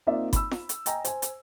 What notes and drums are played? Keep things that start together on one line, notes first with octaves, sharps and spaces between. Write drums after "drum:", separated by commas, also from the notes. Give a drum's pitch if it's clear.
A#3 C4 D#4 F4 D5 E5
B5 E6, drum: kick G1, hi-hat
drum: snare F4
drum: hi-hat
D#5 G5 G#5 A#5, drum: hi-hat
C5 G#5, drum: hi-hat
drum: hi-hat